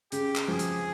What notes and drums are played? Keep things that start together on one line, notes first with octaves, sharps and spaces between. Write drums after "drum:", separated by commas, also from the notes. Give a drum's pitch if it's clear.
C#3 G4, drum: hi-hat
drum: clap
F3 G#4
drum: hi-hat